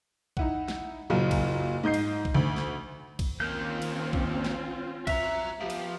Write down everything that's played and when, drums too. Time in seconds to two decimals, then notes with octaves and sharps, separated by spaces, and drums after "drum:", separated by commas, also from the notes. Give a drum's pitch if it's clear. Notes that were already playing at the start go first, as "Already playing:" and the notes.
0.37 D#4 E4 F#5, drum: kick B1
0.68 drum: snare
1.10 F#1 A#2 F#3
1.31 drum: kick B1, cymbal
1.84 G#2 D#5 G6 C7
1.94 drum: cymbal
2.25 drum: kick B1
2.34 D2
2.56 drum: snare
3.19 drum: kick B1, cymbal
3.40 D#2 A#3 C4 C#4 F4 G6
3.82 drum: cymbal
4.13 drum: kick B1
4.44 drum: snare
5.07 F#4 E5 A#5, drum: kick B1, cymbal
5.61 F3 B3 G4
5.70 drum: cymbal